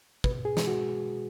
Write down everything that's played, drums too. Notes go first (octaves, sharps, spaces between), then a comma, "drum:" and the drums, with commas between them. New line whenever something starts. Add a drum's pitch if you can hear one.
B2 B4, drum: kick
G#4
G#3, drum: snare
F#4